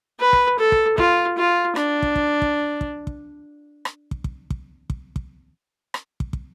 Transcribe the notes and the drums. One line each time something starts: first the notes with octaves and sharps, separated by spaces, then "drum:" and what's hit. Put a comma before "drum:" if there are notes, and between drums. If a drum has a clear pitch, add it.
B4
drum: kick
A4
drum: kick
F4, drum: kick
F4
D4, drum: rim click
drum: kick
drum: kick
drum: kick
drum: kick
drum: kick
drum: rim click
drum: kick
drum: kick
drum: kick
drum: kick
drum: kick
drum: rim click
drum: kick
drum: kick